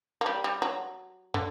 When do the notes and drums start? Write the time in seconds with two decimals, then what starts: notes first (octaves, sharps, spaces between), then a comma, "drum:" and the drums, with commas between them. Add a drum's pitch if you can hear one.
0.21 A#3
0.26 G3
0.44 G3
0.62 F#3
1.34 D3, drum: tom